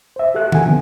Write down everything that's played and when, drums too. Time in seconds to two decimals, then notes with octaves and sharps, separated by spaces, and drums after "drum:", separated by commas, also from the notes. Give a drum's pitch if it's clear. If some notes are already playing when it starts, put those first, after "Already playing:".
0.16 C5 E5
0.35 G4 A4 E5 F#6
0.52 F#5 G#5, drum: tom D#3
0.66 D3 F3 B3